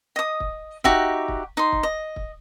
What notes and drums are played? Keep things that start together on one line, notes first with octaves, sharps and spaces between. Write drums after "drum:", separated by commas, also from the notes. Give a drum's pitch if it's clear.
D#5 D#6
drum: kick
D#4 F#4 G4 E5, drum: kick
drum: kick
D#4 C6
drum: kick
D#5
drum: kick